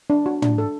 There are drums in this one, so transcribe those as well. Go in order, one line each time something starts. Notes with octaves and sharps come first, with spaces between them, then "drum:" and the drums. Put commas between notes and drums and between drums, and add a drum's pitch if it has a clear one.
D4
F#4
D4, drum: tom
A4